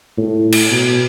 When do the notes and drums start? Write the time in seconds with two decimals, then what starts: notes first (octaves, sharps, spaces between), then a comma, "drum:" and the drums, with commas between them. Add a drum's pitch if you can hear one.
0.17 A2
0.52 drum: cymbal
0.71 B2